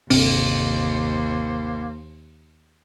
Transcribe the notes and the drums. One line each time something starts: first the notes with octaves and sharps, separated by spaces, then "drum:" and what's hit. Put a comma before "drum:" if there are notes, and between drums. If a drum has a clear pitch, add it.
G1 D#2 C3 A#3 C4 D4 C5, drum: open hi-hat